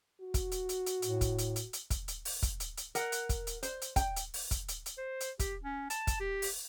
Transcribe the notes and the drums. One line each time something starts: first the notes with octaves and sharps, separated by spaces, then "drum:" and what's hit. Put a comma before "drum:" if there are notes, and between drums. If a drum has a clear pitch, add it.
F#4
drum: kick, hi-hat
drum: hi-hat
drum: hi-hat
drum: hi-hat
A2, drum: hi-hat
drum: kick, hi-hat
drum: hi-hat
drum: hi-hat
drum: hi-hat
drum: kick, hi-hat
drum: hi-hat
drum: open hi-hat
drum: kick, hi-hat
drum: hi-hat
drum: hi-hat
A#4 F#5, drum: hi-hat
drum: hi-hat
drum: kick, hi-hat
drum: hi-hat
C5, drum: hi-hat
drum: hi-hat
G5, drum: kick, hi-hat
drum: hi-hat
drum: open hi-hat
drum: kick, hi-hat
drum: hi-hat
drum: hi-hat
C5
drum: hi-hat
G4, drum: kick, hi-hat
C#4
A5, drum: hi-hat
drum: kick, hi-hat
G4
drum: open hi-hat